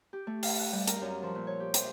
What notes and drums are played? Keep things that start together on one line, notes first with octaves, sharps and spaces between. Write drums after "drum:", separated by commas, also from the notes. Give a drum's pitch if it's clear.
G4
A3
F5, drum: open hi-hat
F#6
G3
A#4, drum: hi-hat
F#2
F3
A#2
C#5
G4
C5, drum: hi-hat